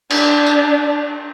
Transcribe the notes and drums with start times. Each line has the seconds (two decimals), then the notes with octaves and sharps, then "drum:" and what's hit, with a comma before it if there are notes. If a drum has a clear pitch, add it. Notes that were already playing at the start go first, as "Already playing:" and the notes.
0.11 D4, drum: cymbal
0.46 drum: tambourine